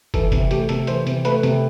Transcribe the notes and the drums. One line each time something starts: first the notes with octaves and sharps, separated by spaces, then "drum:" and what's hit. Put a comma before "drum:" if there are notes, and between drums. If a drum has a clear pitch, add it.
E3 A4, drum: kick, hi-hat
C3, drum: kick, hi-hat
A3 G4, drum: hi-hat
C3 A4, drum: hi-hat
E3 C5, drum: hi-hat
C3, drum: hi-hat
A3 B4, drum: hi-hat
C3, drum: hi-hat